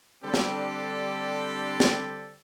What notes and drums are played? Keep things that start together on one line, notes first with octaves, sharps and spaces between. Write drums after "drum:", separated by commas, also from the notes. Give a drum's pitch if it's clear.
D3 G3 C4 D4 G4 A4
drum: snare
drum: snare